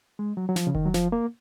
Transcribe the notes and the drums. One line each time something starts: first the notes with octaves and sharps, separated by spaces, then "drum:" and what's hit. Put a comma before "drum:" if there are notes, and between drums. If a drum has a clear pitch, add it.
G#3
F#3
F#3
F3, drum: snare
C#3
D#3, drum: kick F1
F#3
F3, drum: snare
A#3